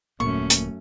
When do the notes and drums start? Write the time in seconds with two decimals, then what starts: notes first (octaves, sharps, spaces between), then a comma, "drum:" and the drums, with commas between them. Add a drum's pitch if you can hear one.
0.20 D#1 F#2 A#2 A3 A#3 C#4 C#6
0.50 drum: hi-hat